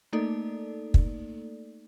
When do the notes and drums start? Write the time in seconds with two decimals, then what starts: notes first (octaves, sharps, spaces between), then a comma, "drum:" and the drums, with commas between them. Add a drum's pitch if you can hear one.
0.13 A3 A#3 D#4 A4 D5
0.94 drum: kick